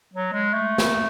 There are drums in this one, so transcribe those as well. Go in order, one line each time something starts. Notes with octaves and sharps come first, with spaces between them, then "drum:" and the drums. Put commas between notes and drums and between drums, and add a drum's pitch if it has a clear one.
F#3
G#3
A3
drum: snare